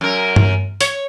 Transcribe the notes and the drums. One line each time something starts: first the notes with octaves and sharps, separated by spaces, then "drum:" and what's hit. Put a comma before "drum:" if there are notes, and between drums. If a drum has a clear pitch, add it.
F#2 A#4
drum: tom G2
C#5, drum: hi-hat